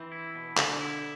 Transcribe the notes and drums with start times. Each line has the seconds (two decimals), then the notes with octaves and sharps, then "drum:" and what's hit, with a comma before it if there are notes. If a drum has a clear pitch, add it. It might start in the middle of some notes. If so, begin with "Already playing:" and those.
Already playing: E3 C4
0.12 E4
0.35 B2
0.57 B2 D3, drum: clap
0.81 E4